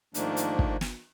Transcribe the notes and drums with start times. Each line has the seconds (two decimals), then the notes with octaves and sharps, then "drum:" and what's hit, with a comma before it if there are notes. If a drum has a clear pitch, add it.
0.14 G#2 D#3 F3 A3 A#3 D4, drum: hi-hat
0.37 drum: hi-hat
0.59 drum: kick
0.81 drum: snare